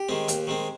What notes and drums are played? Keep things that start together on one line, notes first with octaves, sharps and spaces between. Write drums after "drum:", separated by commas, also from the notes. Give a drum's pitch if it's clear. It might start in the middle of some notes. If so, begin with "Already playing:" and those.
Already playing: G4
D#3 G#3 C4
D#2, drum: hi-hat
D#3 G#3 C4